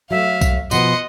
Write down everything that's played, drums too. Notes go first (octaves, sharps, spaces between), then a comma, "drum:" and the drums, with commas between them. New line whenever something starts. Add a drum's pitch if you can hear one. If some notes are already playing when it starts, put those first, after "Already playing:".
F#3 A3 E5 F5
drum: kick B1, tambourine
B2 F3 B3 D#5 F#5 C6, drum: tambourine